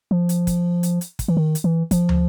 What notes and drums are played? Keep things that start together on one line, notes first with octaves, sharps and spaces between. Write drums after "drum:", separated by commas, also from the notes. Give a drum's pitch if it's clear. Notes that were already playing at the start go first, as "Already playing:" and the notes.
F3
drum: hi-hat
drum: kick, hi-hat
drum: hi-hat
drum: hi-hat
drum: kick, hi-hat
E3
D#3
drum: hi-hat
E3
F3, drum: kick, hi-hat
drum: tom